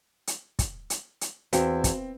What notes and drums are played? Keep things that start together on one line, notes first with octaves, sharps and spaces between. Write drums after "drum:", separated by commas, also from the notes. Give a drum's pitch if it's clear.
drum: hi-hat
drum: kick, hi-hat
drum: hi-hat
drum: hi-hat
E2 C4 F#4 F5 G5, drum: hi-hat
drum: kick, hi-hat